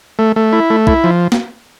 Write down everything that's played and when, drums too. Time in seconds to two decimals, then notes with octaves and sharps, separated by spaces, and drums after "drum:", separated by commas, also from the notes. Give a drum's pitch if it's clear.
0.19 A3
0.36 A3
0.53 E4
0.70 A3
0.87 E4, drum: kick
1.04 F3
1.32 drum: snare